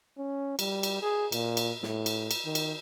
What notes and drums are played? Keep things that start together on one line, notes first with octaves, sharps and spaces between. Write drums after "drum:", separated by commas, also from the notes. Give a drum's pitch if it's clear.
C#4
G3, drum: cymbal
drum: cymbal
G#4
A#2, drum: cymbal
drum: cymbal
A2, drum: snare
drum: cymbal
drum: cymbal
D#3
drum: cymbal